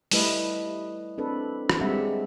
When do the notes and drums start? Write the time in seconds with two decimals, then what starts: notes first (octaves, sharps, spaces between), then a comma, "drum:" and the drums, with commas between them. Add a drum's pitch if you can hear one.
0.11 G3 A3 E4 B4 D#5, drum: open hi-hat
1.18 C4 D4 A4 B4
1.70 drum: rim click
1.81 G3 G#3 C4 G4 E5 F#5